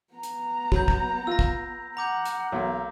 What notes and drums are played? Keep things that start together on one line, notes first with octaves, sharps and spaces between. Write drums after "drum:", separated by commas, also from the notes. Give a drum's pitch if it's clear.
B3 A#5
drum: hi-hat
F#3 B5 G6, drum: kick
drum: kick
F4 E6 A#6
drum: kick
F#5 A#5 D6 G6
drum: hi-hat
B1 A#3